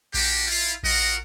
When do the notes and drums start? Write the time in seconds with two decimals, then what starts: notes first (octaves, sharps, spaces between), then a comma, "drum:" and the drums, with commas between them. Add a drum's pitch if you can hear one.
0.14 A#3 D4 F#4 G4, drum: kick A#1
0.48 E4 F4
0.83 F4 F#4 A#4 D#5 F#5, drum: kick A#1